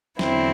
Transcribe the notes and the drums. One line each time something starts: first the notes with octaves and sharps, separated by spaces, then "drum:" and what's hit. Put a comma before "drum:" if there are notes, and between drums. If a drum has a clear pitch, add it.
E2 D3 F#3 C4 E4, drum: snare